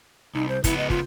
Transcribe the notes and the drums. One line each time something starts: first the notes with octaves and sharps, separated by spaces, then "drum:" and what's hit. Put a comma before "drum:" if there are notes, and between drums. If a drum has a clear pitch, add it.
C2 D#4
C5
C#2 B3 E4, drum: kick, hi-hat
D#5
F4, drum: kick